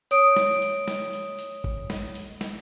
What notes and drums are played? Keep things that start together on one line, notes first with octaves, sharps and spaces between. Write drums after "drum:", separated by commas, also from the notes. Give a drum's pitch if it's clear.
C#5 D#6 D7, drum: hi-hat
drum: snare
drum: hi-hat
drum: snare
drum: hi-hat
drum: hi-hat
drum: kick G#1
drum: snare
drum: hi-hat
drum: snare